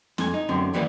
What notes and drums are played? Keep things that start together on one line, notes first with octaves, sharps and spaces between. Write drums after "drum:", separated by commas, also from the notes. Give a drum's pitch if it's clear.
F2 G#5, drum: snare
D#4
F#2 D3 A3 C4
D#2 E3 G3 A#3 B3 D5